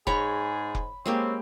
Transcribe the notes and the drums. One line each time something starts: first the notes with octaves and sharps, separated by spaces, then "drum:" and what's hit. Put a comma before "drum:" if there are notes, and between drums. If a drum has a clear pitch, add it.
G#2 G#4 C#5 A#5 B5 C#6, drum: kick F1
drum: kick F1
G#3 A#3 C4 C#4 G4